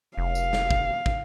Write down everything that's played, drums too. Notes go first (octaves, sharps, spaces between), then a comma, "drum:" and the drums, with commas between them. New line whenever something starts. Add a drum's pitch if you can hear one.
F1 F5
drum: tambourine
drum: snare
drum: kick
drum: kick